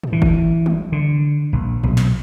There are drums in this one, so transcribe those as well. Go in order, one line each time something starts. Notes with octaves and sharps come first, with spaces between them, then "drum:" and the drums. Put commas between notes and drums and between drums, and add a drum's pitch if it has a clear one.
drum: tom G#2
E3
drum: kick G1
drum: tom
D3
A#1
B1, drum: tom
drum: snare